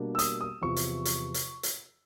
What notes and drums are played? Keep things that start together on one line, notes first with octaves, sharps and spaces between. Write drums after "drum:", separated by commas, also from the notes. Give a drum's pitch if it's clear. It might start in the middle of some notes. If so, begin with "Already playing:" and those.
Already playing: B2 G3 A#3 D4
E6
D#6, drum: hi-hat
D#6
E2 C3 F3 C#6
drum: hi-hat
drum: hi-hat
drum: hi-hat
drum: hi-hat